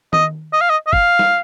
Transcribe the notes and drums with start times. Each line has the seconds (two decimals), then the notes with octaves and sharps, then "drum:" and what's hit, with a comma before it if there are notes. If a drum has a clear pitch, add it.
0.13 D#5, drum: tom D#3
0.53 D#5
0.61 F5
0.70 D#5
0.87 D#5
0.93 F5, drum: kick
1.19 drum: snare